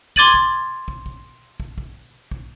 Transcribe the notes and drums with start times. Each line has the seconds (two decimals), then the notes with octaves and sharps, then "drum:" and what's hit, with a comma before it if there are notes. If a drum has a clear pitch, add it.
0.16 C6 D6 G#6 A6 D#7 F#7, drum: kick
0.34 drum: kick
0.88 drum: kick
1.06 drum: kick
1.60 drum: kick
1.78 drum: kick
2.31 drum: kick